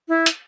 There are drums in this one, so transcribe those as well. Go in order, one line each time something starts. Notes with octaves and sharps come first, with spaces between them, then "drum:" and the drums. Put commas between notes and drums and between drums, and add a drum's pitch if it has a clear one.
E4
drum: hi-hat